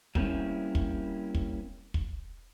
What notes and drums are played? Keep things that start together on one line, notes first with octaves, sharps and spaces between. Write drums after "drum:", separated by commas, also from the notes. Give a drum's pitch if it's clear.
F#3 G3 A#3 C4 C#4 E4, drum: kick
drum: kick
drum: kick
drum: kick